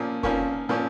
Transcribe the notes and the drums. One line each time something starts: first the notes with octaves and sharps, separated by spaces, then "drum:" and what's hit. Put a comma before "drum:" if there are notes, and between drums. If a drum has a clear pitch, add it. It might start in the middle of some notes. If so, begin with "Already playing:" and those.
Already playing: A#2 F3 A#3 C#4
A#2 F3 A#3 C#4, drum: kick F1
A#2 F3 A#3 C#4